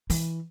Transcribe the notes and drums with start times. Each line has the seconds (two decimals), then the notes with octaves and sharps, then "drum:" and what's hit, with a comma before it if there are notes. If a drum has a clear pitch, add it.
0.10 E3, drum: open hi-hat